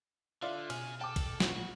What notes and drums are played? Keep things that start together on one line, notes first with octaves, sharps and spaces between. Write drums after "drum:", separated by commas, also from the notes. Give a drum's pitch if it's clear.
D3 F4 D5 E5
B2 C#4 G#4 F6, drum: cymbal
A4 G5 D6
drum: kick, cymbal
F2 A#2 F#4, drum: snare
F#4